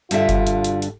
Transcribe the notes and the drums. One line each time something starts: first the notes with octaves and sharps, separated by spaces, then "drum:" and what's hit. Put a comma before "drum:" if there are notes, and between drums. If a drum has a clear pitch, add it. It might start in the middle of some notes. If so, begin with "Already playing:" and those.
G2 B2 D3 F4 E5, drum: hi-hat
drum: kick F#1, hi-hat
drum: hi-hat
drum: hi-hat
drum: hi-hat